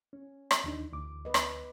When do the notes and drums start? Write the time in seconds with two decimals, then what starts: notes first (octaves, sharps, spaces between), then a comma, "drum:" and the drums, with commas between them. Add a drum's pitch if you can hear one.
0.13 C#4
0.51 drum: rim click
0.64 D#2 E3 D4 D#4
0.92 D2 D6
1.25 B3 B4 D#5
1.34 drum: rim click